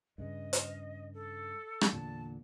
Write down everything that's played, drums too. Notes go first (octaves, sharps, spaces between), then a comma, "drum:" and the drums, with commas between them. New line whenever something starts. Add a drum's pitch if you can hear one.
G2 C#3 D#5
drum: hi-hat
A4
drum: rim click
E2 A#2 D3 A5